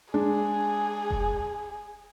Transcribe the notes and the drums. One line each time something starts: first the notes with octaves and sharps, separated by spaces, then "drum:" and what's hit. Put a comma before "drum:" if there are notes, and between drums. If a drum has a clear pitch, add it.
G#3 D4 G#4
drum: kick F1